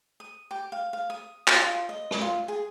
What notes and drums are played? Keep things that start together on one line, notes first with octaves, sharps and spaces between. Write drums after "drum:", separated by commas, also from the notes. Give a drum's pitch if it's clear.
D#6
G4
F5
F5
D#6
F4, drum: clap
F4
D#5
drum: rim click
F4
G#4